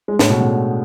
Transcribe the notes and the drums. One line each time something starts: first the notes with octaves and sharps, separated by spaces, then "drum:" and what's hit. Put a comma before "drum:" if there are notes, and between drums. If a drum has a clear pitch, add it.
G#3
A2, drum: snare
B2
D3